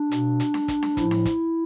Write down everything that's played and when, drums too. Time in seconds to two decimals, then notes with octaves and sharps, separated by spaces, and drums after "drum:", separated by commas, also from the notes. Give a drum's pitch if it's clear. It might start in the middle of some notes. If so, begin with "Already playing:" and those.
Already playing: D4
0.11 B2, drum: hi-hat
0.40 drum: hi-hat
0.54 drum: snare D4
0.68 drum: kick, hi-hat
0.83 drum: snare D4
0.97 A2 F3 E4, drum: kick, hi-hat
1.11 drum: snare D4
1.25 drum: kick, hi-hat